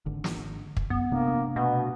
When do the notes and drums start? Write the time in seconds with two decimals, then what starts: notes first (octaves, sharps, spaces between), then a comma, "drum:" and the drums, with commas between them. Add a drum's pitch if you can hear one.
0.06 G#1 D3
0.24 drum: snare
0.77 drum: kick
0.90 F#2 B3
1.12 C3 A3 A#3 D4
1.56 B2 B3